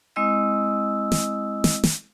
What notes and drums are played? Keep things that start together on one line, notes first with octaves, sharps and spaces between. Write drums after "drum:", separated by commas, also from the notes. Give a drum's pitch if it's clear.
G#3 C4 E4 D#5 D#6 E6
drum: snare
drum: snare
drum: snare